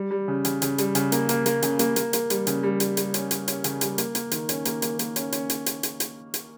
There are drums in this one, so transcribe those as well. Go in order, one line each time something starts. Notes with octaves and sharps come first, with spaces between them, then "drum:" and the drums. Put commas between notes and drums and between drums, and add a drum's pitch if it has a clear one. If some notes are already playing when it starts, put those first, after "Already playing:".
Already playing: G3
G3
C#3
C#3, drum: hi-hat
C#3, drum: hi-hat
G3, drum: hi-hat
C#3, drum: hi-hat
A#3, drum: hi-hat
A#3, drum: hi-hat
A#3, drum: hi-hat
C#3, drum: hi-hat
A#3, drum: hi-hat
A#3, drum: hi-hat
A#3, drum: hi-hat
G3, drum: hi-hat
C#3, drum: hi-hat
G3
G3, drum: hi-hat
G3, drum: hi-hat
C#4, drum: hi-hat
G3, drum: hi-hat
C#4, drum: hi-hat
C#3, drum: hi-hat
G3, drum: hi-hat
A#3, drum: hi-hat
A#3, drum: hi-hat
D#3, drum: hi-hat
C#4, drum: hi-hat
A#3, drum: hi-hat
A#3, drum: hi-hat
A#3, drum: hi-hat
C#4, drum: hi-hat
C#4, drum: hi-hat
drum: hi-hat
drum: hi-hat
drum: hi-hat
drum: hi-hat
drum: hi-hat